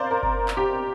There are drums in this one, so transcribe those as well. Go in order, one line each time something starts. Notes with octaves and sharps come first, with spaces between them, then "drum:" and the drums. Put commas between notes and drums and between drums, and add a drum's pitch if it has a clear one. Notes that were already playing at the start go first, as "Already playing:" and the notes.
Already playing: A#4 C5 D5 F5
A#4
drum: kick F#1
drum: clap
G4